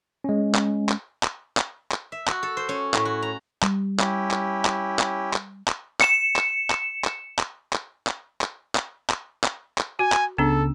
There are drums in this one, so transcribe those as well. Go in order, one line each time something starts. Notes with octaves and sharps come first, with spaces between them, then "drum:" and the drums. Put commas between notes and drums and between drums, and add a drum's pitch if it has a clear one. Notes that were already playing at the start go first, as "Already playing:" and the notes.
G#3 C#4
drum: clap
drum: clap
drum: clap
drum: clap
drum: clap
E5
F#4, drum: clap
A4
C5
C#4
A2, drum: clap
F#4
A#5
G3, drum: clap
C#4 E4 G4, drum: clap
drum: clap
drum: clap
drum: clap
drum: clap
drum: clap
C#7 E7, drum: clap
drum: clap
drum: clap
drum: clap
drum: clap
drum: clap
drum: clap
drum: clap
drum: clap
drum: clap
drum: clap
drum: clap
F#4 G#5
drum: clap
C#2 C#3 B3 D4 A4 E6